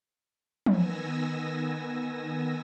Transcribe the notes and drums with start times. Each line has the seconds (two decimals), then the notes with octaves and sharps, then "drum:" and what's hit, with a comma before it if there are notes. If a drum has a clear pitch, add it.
0.66 D#3 B3 G#5 E6 A#6, drum: tom